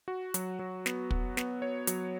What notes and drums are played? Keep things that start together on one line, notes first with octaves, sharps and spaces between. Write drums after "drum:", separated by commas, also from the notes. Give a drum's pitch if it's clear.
F#4
F#3, drum: hi-hat
F#3
B3, drum: snare
F#4, drum: kick
B3, drum: snare
C#5
F#3, drum: hi-hat